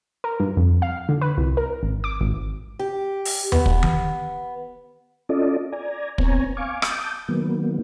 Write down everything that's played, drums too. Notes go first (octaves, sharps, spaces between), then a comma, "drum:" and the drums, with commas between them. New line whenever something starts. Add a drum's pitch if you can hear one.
A#4
G2
F2
F5
D3
B4
C2
A#4
G#1
D6
G#1
G4
drum: open hi-hat
B3, drum: tom D#2
drum: kick
drum: tom D#3
C#4 F4 A4 D5 D#5
D5 G#5 A#5
B3 C4 C#5 G#5 A#5, drum: kick
F5 G#5 C#6 D6
A5 D6 D#6 G6, drum: rim click
D#3 F#3 A#3 B3